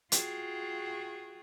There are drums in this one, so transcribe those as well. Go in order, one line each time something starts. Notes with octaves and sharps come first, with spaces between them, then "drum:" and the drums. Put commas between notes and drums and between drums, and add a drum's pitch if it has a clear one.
F4 F#4 G#4 G5, drum: hi-hat